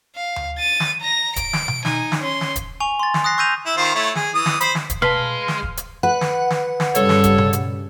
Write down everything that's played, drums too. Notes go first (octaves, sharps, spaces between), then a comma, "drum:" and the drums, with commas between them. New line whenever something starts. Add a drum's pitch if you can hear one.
F5
drum: tom D2
A6 D#7
drum: snare
A#5 A#6
D7, drum: kick D1, hi-hat
drum: snare
drum: tom B2
D#4 G#5, drum: snare
drum: snare
C#4 C6
drum: snare
drum: kick D1, hi-hat
G#5 C#6 F7
C6 A6
drum: snare
D#6 F#6 A#6 C7
C#6 E6 G6 A#6 D#7 F7
E4
D#3 F4 C5
A3 E4 C#5
G#4, drum: snare
E3 D#6
drum: snare
C5 B5, drum: hi-hat
drum: snare
drum: kick D1, hi-hat
G#3 B4 F5 A5 B6 F#7, drum: tom B2
drum: snare
drum: kick D1
drum: hi-hat
B4 F#5
drum: snare
drum: snare
drum: snare
G2 C#3 G3 A4 C#5, drum: hi-hat
drum: snare
drum: kick D1, hi-hat
drum: tom B2
drum: hi-hat